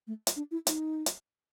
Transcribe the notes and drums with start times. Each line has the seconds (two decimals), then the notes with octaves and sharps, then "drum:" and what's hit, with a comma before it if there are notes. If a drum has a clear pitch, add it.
0.07 A3
0.27 drum: hi-hat
0.36 D4
0.51 E4
0.67 D#4, drum: hi-hat
1.06 drum: hi-hat